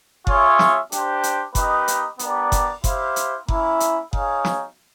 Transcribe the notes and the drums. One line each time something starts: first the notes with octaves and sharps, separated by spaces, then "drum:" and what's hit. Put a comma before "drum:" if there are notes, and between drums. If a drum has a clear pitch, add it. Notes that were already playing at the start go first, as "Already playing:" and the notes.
F4 G#4 C#5 E5, drum: kick F#1
drum: snare
D4 G4 C5, drum: hi-hat
drum: hi-hat
A#3 D#4 G4 B4 D#5, drum: kick F#1, hi-hat
drum: hi-hat
B3 D4 G4 A#4 D5, drum: hi-hat
drum: kick F#1, hi-hat
E4 G4 C5 F5, drum: kick F#1, hi-hat
drum: hi-hat
A#3 C#4 E4, drum: kick F#1
drum: hi-hat
D#4 G#4 C#5 F5, drum: kick F#1
drum: snare